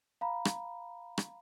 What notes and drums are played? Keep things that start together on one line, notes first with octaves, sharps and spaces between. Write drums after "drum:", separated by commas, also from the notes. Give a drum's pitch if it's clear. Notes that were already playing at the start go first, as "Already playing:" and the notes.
F5 A#5 B5
drum: rim click
drum: rim click